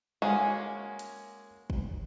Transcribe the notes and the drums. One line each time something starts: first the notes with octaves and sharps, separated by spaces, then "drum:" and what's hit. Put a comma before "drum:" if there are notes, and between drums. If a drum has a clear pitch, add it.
G#3 A#3 C#4 F#4
drum: hi-hat
drum: kick